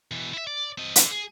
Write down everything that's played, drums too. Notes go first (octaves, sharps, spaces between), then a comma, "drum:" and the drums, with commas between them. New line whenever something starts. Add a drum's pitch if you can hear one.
B2 E3
E4 E5
D5
C4 D#5
D3, drum: hi-hat
G#4